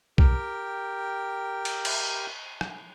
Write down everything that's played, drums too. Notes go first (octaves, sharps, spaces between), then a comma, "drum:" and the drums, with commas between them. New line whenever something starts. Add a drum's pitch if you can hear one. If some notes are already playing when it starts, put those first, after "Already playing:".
G4 A#4 G5, drum: kick B1
drum: cymbal
drum: cymbal
drum: rim click